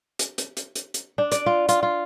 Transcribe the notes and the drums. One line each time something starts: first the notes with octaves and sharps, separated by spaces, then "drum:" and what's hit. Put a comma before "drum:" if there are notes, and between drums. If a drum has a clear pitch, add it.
drum: hi-hat
drum: hi-hat
drum: hi-hat
drum: hi-hat
drum: hi-hat
D4
D5, drum: hi-hat
F4
F4, drum: hi-hat
F4